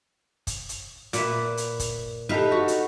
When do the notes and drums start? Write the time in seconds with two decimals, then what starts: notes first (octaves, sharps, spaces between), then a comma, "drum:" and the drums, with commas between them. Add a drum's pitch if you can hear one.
0.47 drum: kick, hi-hat
0.69 drum: hi-hat
1.13 A#2 B4 E5, drum: hi-hat
1.57 drum: hi-hat
1.80 drum: kick, hi-hat
2.29 D#4 G4 A4 B4 E5 F5
2.52 F#4
2.68 drum: hi-hat